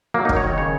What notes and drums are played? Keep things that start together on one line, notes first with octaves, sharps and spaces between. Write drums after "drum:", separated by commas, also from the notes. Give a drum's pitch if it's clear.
F#3 A#3
D#4
D#3, drum: kick
C#5
D#3 D#5
C#3 C#5